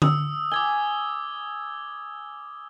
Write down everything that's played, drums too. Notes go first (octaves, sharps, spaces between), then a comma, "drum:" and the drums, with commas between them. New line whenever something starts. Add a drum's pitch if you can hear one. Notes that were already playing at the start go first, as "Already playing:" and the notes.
D#6 E6, drum: tom D3
G#5 D6 G#6 G7